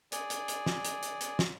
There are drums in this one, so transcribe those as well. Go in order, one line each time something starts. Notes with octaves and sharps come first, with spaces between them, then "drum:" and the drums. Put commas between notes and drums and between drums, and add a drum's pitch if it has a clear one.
G#4 D5, drum: hi-hat
drum: hi-hat
drum: hi-hat
drum: snare
drum: hi-hat
drum: hi-hat
drum: hi-hat
drum: snare